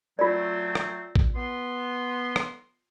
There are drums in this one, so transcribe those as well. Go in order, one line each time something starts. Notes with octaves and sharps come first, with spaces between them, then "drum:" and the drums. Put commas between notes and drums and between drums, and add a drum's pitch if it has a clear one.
F#3 A3 C4 F4 D5
drum: rim click
drum: kick
B3 C6
drum: rim click